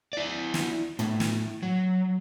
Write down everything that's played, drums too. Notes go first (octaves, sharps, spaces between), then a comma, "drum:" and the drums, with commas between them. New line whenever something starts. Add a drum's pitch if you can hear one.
E4 D5
drum: snare
A2, drum: tom
drum: snare
F#3